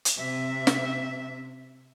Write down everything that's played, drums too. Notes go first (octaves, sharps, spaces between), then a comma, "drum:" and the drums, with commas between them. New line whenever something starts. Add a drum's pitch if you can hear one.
drum: hi-hat
C3 E5
drum: snare